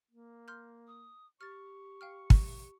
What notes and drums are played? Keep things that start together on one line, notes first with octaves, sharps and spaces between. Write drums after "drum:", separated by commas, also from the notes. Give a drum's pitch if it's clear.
A#3
C6 F6 G6
D#6
G4 C#6 F6 A6
F5 G5 F6
drum: kick